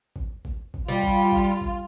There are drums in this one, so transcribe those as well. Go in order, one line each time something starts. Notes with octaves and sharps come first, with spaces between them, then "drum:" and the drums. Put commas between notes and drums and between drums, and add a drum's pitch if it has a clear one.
drum: kick G1
drum: kick G1
drum: kick G1
G3 F4
drum: kick G1
drum: kick G1
drum: kick G1